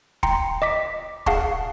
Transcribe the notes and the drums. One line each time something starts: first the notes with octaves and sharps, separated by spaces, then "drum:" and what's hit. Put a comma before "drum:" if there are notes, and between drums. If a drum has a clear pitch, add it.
G5 A#5 C6 C#7, drum: kick
D#5 D6 B6
G#4 F5 F#5 A5 C#6, drum: kick